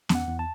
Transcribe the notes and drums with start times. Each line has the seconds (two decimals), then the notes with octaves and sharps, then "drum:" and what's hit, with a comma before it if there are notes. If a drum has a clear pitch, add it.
0.09 E2, drum: snare
0.15 F#5
0.28 E2
0.39 A5